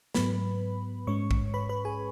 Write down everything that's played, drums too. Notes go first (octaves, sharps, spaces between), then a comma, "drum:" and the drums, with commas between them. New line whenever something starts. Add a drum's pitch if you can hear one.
G#2 F#3 B3 B4 B5, drum: snare
G#2 G#3 C#4 C#5 C#6
drum: kick
B4 B5
B4 B5
G#4 G#5